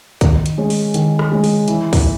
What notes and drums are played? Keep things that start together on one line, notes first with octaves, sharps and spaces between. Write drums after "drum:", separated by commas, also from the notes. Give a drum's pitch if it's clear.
D#3, drum: kick, hi-hat
drum: hi-hat
G#3 C#4
drum: open hi-hat
D#3, drum: hi-hat
drum: rim click
G#3 C#4
drum: open hi-hat
E3, drum: hi-hat
drum: kick, open hi-hat